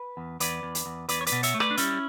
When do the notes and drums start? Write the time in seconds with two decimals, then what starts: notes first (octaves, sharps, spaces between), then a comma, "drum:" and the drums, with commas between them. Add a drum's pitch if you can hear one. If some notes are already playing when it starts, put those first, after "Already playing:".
Already playing: B4
0.17 E2
0.40 E2 B4 D5, drum: hi-hat
0.63 E2
0.75 drum: hi-hat
0.86 E2
1.09 E2 B4 D5, drum: hi-hat
1.21 C#5
1.27 B4 D5, drum: hi-hat
1.32 B2
1.43 C#5 E5, drum: hi-hat
1.54 A3
1.60 B4 D5, drum: rim click
1.71 D4
1.77 G3 C#4 E4, drum: hi-hat